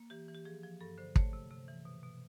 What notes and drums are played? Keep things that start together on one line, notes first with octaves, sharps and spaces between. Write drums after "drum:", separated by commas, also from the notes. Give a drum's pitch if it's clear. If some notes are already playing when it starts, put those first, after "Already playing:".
Already playing: A#3
E3 G4
E3
G4
F3 G#4
F3
G2 A4
D3 C5
A3 C#5, drum: kick
C3
C3
E3
B2
B2